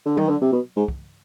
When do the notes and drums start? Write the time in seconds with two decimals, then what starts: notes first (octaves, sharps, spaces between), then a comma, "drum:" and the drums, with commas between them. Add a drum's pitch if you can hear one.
0.06 D3
0.17 D#3, drum: tom F#3
0.29 D3
0.42 C3
0.52 B2
0.77 G#2
0.88 drum: kick